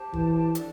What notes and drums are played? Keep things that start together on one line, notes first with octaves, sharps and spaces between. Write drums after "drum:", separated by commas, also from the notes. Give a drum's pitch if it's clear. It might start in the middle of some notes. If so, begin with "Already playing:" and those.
Already playing: G4 C5 A5
E3, drum: kick
D4 A4 D5, drum: hi-hat